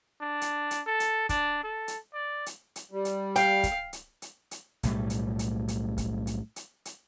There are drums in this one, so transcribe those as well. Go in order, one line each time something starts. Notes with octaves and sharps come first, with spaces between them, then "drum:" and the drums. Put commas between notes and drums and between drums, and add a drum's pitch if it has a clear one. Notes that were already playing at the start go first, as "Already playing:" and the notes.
D4
drum: hi-hat
drum: hi-hat
A4
drum: hi-hat
D4, drum: kick, hi-hat
A4
drum: hi-hat
D5
drum: hi-hat
drum: hi-hat
G3
drum: hi-hat
F5 G5, drum: hi-hat
drum: kick, hi-hat
drum: hi-hat
drum: hi-hat
drum: hi-hat
B1 A2 G3, drum: hi-hat
drum: hi-hat
drum: hi-hat
drum: hi-hat
drum: kick, hi-hat
drum: hi-hat
drum: hi-hat
drum: hi-hat